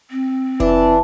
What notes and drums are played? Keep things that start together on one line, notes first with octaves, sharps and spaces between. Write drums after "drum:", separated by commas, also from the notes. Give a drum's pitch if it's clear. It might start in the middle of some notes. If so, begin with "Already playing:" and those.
C4
E3 D4, drum: kick F1